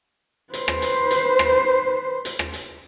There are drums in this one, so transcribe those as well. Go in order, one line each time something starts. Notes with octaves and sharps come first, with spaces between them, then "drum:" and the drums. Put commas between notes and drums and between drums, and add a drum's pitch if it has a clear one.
B4 C5, drum: hi-hat
drum: rim click
drum: hi-hat
drum: hi-hat
drum: rim click
drum: hi-hat
drum: rim click
drum: hi-hat